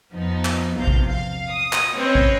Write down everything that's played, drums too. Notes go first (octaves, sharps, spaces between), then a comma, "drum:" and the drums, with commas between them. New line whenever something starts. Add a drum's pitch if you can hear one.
F2 F3 B3 D#4
drum: clap
A#1 E2 C3 F3 F5 G6
drum: kick
F5
D#6
drum: clap
C4 C#4 B4 C#5 D#5
drum: kick